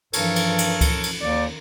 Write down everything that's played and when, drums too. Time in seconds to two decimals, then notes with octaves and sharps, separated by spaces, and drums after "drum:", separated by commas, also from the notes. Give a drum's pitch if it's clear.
0.13 G2 E3 F3 A4 A#4 C#5, drum: cymbal
0.36 drum: cymbal
0.58 drum: cymbal
0.81 drum: kick C#2, cymbal
1.03 drum: cymbal
1.21 D#2 D#3 D5